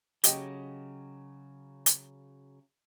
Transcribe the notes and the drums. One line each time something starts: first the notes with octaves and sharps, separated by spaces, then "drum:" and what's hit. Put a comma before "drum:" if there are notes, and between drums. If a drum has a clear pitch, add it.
C#3 F#3 G4 D#5 G5, drum: hi-hat
drum: hi-hat